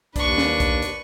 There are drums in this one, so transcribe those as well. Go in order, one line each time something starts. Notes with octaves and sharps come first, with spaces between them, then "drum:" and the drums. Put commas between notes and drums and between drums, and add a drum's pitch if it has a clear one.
D#2 D4 B4 C#6, drum: kick, hi-hat
drum: snare
drum: kick, hi-hat
drum: hi-hat